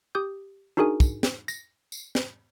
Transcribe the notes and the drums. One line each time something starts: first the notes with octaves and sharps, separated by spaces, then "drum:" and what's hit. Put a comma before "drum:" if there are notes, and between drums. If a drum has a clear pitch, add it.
G4 D#6 G6
D4 D#4 F#4 G#4 A#4 G#5
drum: kick, tambourine
drum: snare
A#6, drum: tambourine
drum: tambourine
drum: snare